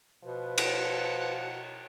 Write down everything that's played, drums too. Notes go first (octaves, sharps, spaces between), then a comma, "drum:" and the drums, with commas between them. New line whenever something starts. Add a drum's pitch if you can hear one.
B2 F3 B4
F#5, drum: cymbal